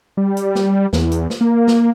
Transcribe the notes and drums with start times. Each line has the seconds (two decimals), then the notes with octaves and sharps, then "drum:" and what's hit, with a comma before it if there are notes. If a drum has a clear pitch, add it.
0.17 G3
0.37 drum: hi-hat
0.55 drum: snare
0.93 E2, drum: snare
1.11 drum: hi-hat
1.30 drum: snare
1.41 A#3
1.68 drum: snare